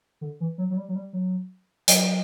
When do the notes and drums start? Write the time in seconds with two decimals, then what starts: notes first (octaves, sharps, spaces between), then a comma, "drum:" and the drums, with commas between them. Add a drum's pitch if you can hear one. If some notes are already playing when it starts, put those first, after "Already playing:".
0.21 D3
0.40 E3
0.58 F#3
0.70 F#3
0.77 G3
0.88 F#3
0.96 G3
1.13 F#3
1.88 F#3, drum: hi-hat